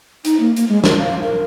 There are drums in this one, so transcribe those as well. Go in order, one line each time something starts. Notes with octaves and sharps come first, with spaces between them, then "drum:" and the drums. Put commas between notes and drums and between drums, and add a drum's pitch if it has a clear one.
D#4, drum: hi-hat
A#3
A#3, drum: hi-hat
G#3
A#4, drum: snare
F5
A#4